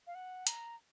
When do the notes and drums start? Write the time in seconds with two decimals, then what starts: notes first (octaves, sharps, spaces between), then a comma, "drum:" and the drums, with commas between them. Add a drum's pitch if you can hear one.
0.07 F5
0.15 F#5
0.47 A#5, drum: hi-hat